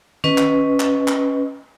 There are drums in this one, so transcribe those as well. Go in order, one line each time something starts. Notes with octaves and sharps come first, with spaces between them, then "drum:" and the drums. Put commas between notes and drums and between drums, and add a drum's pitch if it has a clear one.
C#4 B4 D#5, drum: tom D#3
drum: clap
drum: clap
drum: clap